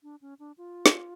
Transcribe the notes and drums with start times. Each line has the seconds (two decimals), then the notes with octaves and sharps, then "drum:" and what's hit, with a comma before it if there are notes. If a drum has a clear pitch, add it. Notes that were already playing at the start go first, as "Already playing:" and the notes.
0.03 D4
0.21 C#4
0.39 D4
0.58 F4
0.86 drum: snare